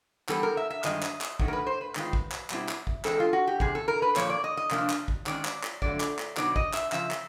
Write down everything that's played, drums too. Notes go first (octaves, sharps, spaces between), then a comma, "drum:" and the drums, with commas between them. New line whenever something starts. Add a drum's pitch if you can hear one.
E3 G3 B3 A4, drum: clap
A#4
E5
E5
G2 D#3 G#3 D#5, drum: clap
drum: clap
drum: clap
D#3 F#3 A3 D4, drum: kick
A#4
B4
C5
B4
G#2 D#3 G#3 C4 F4, drum: clap
drum: kick
drum: clap
B2 G3 C4 E4, drum: clap
drum: clap
drum: kick
E3 G#3 C4 A4, drum: clap
F4
F#4
G4
E2 C3 G#4, drum: kick
A4
A#4
B4
A#2 F3 A#3 C#5, drum: clap
D5
D#5
D#5
C3 F3 A#3 D4 F4, drum: clap
drum: clap
drum: kick
D#3 G#3 C#4 D5, drum: clap
drum: clap
drum: clap
F2 D3 F#3 A3 D5, drum: kick
drum: clap
drum: clap
B2 F#3 B3 D#4 D5, drum: clap
D#5, drum: kick
E5, drum: clap
C#3 F3 E5, drum: clap
drum: clap